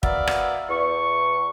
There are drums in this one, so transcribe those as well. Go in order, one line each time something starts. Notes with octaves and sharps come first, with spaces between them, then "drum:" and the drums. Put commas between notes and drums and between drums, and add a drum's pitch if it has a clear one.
B3 F#4 A#4 D5 E5 F5, drum: kick
drum: rim click
E2 C#6